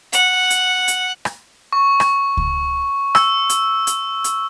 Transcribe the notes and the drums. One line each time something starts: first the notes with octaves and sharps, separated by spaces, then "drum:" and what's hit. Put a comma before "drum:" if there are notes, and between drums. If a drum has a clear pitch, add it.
F#5, drum: hi-hat
drum: hi-hat
drum: hi-hat
drum: rim click
C#6
drum: rim click
drum: kick C#2
E6, drum: rim click
drum: hi-hat
drum: hi-hat
drum: hi-hat